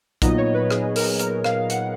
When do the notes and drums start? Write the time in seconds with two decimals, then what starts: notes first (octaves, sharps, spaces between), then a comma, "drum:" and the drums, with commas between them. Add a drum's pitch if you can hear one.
0.22 A#2 F#3 B3 D#4 D#5, drum: kick, hi-hat
0.38 C#5
0.54 B4
0.71 G#4, drum: rim click
0.96 A#4, drum: open hi-hat
1.19 A#4, drum: hi-hat
1.44 F5, drum: rim click
1.70 F#5, drum: hi-hat